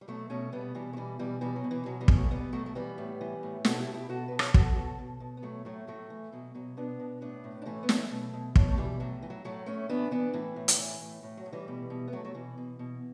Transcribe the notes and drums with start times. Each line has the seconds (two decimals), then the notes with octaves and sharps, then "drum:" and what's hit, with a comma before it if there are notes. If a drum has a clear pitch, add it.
0.01 G3
0.08 B2 F#3 A3
0.30 B2 A3 C#4
0.52 B2 G3 B3
0.75 B2 E3 G3
0.93 A3
0.97 B2 E3 G3
1.19 B2 E3 G3
1.41 B2 E3 G3
1.56 F#3
1.64 B2
1.71 E3
1.86 B2 F#3
2.01 E3 G3
2.08 B2, drum: kick
2.17 F#3 A3
2.31 B2 G3 B3
2.53 B2 F#3 A3
2.66 A3
2.75 E3 G3 B3
2.98 A2
3.21 E3
3.43 A2
3.65 B2 F#4 A4, drum: snare
3.80 E4 G4
3.88 B2
3.94 E4 G4
4.09 B2 F#4 A4
4.28 B2 B4
4.39 A4 C#5, drum: rim click
4.54 B2 F#4 A4, drum: kick
4.76 B2 F#4 A4
4.99 B2
5.20 B2
5.37 B3
5.43 A2 F#3 A3
5.65 A2 F#3 A3
5.87 A2 F#3 A3
6.10 E3
6.32 B2 F#3
6.55 B2 F#3
6.77 B2 B3 D4
7.00 B2
7.21 A2 B3 D4
7.44 A2
7.62 D4
7.66 E3 A3 C#4
7.83 B3
7.89 E3 F#3 A3, drum: snare
8.11 B2
8.33 B2
8.56 B2 F#3, drum: kick
8.69 A3
8.77 B2 E3 G3
9.00 A2 F#3
9.22 E3
9.30 F#3
9.45 A2 F#3 A3
9.66 A2 A3 C#4
9.89 E3 B3 D4
10.11 E3 B3 D4
10.33 A2 E3
10.56 A2
10.68 drum: hi-hat
10.79 E3
11.01 A2
11.23 A2
11.37 F#3
11.46 A2
11.53 E3 G3
11.68 B2
11.90 B2
12.08 B3
12.12 B2 F#3 A3
12.25 F#3
12.34 B2 E3
12.58 B2
12.79 B2